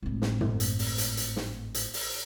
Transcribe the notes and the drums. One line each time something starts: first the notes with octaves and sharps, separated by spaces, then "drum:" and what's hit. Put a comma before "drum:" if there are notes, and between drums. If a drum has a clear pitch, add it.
G#1 A2
drum: snare
drum: tom
drum: hi-hat
drum: open hi-hat
drum: hi-hat
drum: hi-hat
drum: snare
drum: hi-hat
drum: open hi-hat